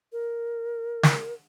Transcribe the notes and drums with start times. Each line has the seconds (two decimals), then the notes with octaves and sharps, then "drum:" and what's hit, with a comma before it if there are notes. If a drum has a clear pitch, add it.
0.13 A#4
1.03 drum: snare